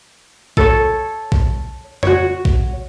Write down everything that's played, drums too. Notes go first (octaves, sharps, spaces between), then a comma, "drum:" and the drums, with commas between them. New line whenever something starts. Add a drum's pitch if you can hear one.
A4 C#5, drum: kick A#1
drum: kick A#1
F#4 C#5, drum: tom F2
drum: kick A#1